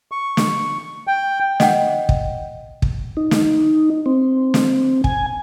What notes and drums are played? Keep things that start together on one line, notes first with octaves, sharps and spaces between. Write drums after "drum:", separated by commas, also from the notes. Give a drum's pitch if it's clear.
C#6
drum: snare
G5
D#5 F#5 G5, drum: snare
drum: kick
drum: kick
D#4
drum: snare
C4
drum: snare
G#5, drum: kick